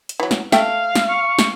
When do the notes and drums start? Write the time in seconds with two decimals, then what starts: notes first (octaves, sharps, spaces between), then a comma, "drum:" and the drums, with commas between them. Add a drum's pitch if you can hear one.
0.09 drum: hi-hat
0.20 E3 F#3
0.31 drum: snare
0.52 A3 E5 F5 G5, drum: snare
0.95 drum: snare
1.09 C#6
1.39 drum: snare